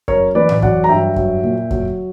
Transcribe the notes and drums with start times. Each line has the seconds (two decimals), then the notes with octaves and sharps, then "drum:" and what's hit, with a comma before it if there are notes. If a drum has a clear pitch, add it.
0.08 F#2 A#4 C#5, drum: kick F2
0.35 E3 B4 D5
0.49 drum: tom A2
0.62 F#3 D5 F#5, drum: kick F2
0.84 A#5
0.89 G2 E5 G5
1.16 F#3, drum: kick F2
1.43 A#2
1.71 F#3, drum: kick F2